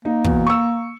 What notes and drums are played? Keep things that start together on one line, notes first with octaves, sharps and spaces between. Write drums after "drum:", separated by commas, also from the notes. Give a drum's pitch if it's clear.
A#3 D#4
E2 B2, drum: kick
C#6 E6